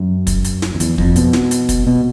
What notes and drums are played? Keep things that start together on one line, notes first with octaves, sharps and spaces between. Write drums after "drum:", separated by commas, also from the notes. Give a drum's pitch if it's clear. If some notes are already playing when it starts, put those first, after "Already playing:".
Already playing: F#2
drum: kick, hi-hat
drum: hi-hat
drum: snare
F2
E2, drum: hi-hat
F2, drum: kick
B2, drum: hi-hat
drum: snare
drum: hi-hat
drum: kick, hi-hat
B2